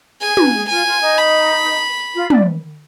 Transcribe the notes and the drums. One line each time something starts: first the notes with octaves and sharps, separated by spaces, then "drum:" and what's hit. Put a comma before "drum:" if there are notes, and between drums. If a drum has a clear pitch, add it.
G#4 G#5
B4, drum: tom
G#4
F4 G#5
F4
D#4
B5
F4
D5, drum: tom